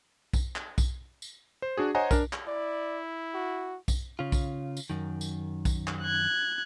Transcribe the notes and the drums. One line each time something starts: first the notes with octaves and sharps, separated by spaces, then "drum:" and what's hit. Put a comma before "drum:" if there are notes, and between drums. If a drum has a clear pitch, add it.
drum: kick B1, tambourine
drum: clap
drum: kick B1, tambourine
drum: tambourine
C5
D4 F#4 G#4
C5 C#5 D#5 F#5 G#5 A#5
D4 A#4, drum: kick B1, tambourine
drum: clap
E4 D5
F#4
drum: kick B1, tambourine
C#3 F4
drum: kick B1, tambourine
drum: tambourine
F#2 D#3
drum: tambourine
drum: kick B1, tambourine
drum: clap
F#6 G#6